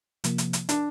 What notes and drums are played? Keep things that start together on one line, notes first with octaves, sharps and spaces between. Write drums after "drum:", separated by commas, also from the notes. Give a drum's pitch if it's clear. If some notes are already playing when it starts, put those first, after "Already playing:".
C3 F3 A#3, drum: hi-hat
drum: hi-hat
drum: hi-hat
D4, drum: hi-hat